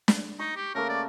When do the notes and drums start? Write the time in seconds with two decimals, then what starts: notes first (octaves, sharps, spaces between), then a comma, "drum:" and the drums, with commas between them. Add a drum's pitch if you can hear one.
0.08 drum: snare
0.39 D#4 C#6
0.56 G4
0.75 C#3 A3 A#3 A#4
0.89 D5